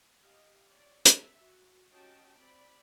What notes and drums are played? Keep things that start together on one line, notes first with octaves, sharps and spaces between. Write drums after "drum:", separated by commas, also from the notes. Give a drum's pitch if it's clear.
G4 D#5 F5
C#5 D5
E5, drum: hi-hat
F#4
C#4 F#4 G4 D#5 G5 A5
C4 D5 B5